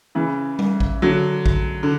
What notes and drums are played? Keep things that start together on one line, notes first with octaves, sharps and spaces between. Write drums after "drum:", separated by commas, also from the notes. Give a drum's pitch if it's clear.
C#3 E3
drum: tom G3
drum: kick A#1
D3 F#3
drum: kick A#1
D3